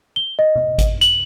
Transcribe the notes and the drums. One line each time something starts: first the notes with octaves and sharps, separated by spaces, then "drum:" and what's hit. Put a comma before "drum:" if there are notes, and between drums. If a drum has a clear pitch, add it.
G7
D#5
drum: tom C3
drum: kick G#1, hi-hat
F#7, drum: hi-hat